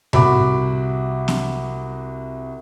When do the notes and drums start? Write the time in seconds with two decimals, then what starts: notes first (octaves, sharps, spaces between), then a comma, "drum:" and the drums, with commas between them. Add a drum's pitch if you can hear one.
0.13 C2 F#4 B5 D6, drum: tom A2
1.28 drum: snare